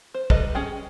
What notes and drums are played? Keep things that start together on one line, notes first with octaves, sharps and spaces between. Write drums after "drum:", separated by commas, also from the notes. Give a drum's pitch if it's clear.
C5
G3 D#4 A4 B4 D#5, drum: kick
C#4 G#4 G5